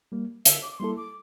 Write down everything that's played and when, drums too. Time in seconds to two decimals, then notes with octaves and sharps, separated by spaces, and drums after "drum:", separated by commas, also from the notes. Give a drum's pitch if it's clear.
0.12 G3 A#3
0.45 D3 E5, drum: hi-hat
0.62 D6
0.72 D6
0.79 G3 A#3 E4 A4 C6
0.97 D6